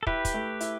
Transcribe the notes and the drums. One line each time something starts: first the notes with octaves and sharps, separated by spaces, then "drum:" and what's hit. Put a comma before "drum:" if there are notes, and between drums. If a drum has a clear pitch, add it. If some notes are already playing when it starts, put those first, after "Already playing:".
A4
E4 G4 B4, drum: kick
drum: kick, hi-hat
A3
E4, drum: hi-hat